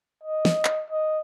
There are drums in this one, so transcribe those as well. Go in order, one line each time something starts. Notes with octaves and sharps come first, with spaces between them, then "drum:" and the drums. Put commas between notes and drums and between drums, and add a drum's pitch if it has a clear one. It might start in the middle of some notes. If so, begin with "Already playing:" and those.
D#5
drum: snare
drum: clap
D#5